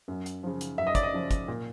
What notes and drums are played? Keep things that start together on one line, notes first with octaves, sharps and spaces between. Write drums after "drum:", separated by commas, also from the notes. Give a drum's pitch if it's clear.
F#2
drum: hi-hat
C#3 F3
drum: hi-hat
F#2 E5
D#5
D5, drum: kick, hi-hat
D#5
C#3 F3
drum: kick, hi-hat
A#2